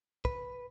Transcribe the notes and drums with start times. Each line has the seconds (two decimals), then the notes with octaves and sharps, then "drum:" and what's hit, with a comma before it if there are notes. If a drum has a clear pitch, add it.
0.25 B4, drum: kick